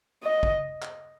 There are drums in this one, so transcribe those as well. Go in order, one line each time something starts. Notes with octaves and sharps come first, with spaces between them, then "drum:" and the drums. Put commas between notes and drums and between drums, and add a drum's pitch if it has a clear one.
D#5
drum: kick
drum: clap